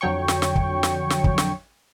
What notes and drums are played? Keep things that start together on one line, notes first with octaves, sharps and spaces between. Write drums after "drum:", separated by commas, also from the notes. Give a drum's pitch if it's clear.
F2 D3 F#3 C#5 G5 C#6
drum: snare
drum: snare
drum: kick
drum: snare
drum: snare
drum: kick
drum: snare